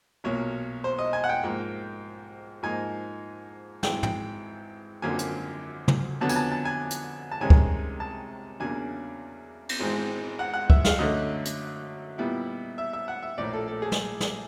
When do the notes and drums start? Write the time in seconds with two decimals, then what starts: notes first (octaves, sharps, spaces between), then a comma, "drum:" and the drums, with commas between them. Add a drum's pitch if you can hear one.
0.24 B1 A#2 F#3 A#3 C#5
0.84 C5
0.99 D#5
1.13 G#5
1.24 F#5
1.29 G5
1.43 G#2 F3 A#3
2.63 G#2 F3 A#3 D#4 G#5
3.83 G#1 G#2 E3 G5, drum: snare
4.03 G5, drum: tom
5.02 G#1 F#2 D3 F3 A#3 G#5
5.19 drum: hi-hat
5.88 drum: tom
6.21 F2 D3 F#3 B3 A5
6.29 G#5, drum: tambourine
6.36 A5
6.52 A5
6.65 G#5
6.91 drum: hi-hat
7.32 A5
7.40 C2 C3 D#3 G#3 C#4 G#5
7.50 drum: kick C#2
8.00 A5
8.60 E2 C#3 F#3 A#3 D4 G#5
9.69 drum: cymbal
9.79 G#1 G#2 E3 G#3 C4
10.39 F#5
10.54 F#5
10.70 E5, drum: kick C#2
10.85 F5, drum: snare
10.98 F#2 D3 F#3 A3 D#5
11.45 drum: hi-hat
12.18 A#2 G3 B3 E4
12.78 E5
12.93 E5
13.08 F#5
13.22 E5
13.38 A#1 A2 F3 A#3 D5
13.53 A4
13.68 A4
13.82 G#4
13.92 drum: snare
14.20 drum: snare